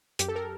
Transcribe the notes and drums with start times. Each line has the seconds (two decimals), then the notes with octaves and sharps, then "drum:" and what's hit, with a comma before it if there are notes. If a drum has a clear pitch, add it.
0.19 F#2 G4, drum: hi-hat
0.28 A4
0.35 A#4